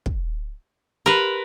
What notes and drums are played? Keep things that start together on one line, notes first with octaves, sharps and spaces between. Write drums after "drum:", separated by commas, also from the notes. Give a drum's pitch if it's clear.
drum: kick
G4 A#4 B4 B5